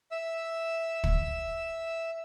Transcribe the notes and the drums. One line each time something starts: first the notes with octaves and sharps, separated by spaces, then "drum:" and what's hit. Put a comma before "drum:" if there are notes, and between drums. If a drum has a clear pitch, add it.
E5 E6
drum: kick